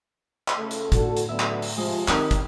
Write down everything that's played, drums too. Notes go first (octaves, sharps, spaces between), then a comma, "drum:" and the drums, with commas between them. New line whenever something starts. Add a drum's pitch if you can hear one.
drum: clap
C#3 A3
drum: hi-hat
A2 D3 F#4 A4, drum: kick, hi-hat
drum: hi-hat
D3 F#3 B3 E4 E5
drum: clap
drum: open hi-hat
C3 F3 G#3
D#3 C4 D#4 G4 A#4, drum: clap
drum: kick, hi-hat